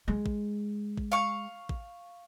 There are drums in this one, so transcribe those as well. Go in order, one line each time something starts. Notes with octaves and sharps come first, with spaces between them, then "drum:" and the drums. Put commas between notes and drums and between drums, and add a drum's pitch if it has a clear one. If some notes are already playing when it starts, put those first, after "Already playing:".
G#3
drum: kick A1
drum: kick A1
F5 C#6
drum: kick A1